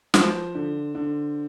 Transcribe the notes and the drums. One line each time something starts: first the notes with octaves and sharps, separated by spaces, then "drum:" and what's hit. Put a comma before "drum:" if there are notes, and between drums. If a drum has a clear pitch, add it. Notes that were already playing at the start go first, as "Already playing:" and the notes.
F3 C5, drum: snare
D3
D3